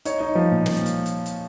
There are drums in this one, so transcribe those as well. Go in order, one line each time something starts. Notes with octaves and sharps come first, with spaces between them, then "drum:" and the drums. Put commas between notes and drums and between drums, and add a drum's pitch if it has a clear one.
D#4 C#5, drum: hi-hat
D#4
F3
A#2
drum: snare
drum: hi-hat
drum: hi-hat
drum: hi-hat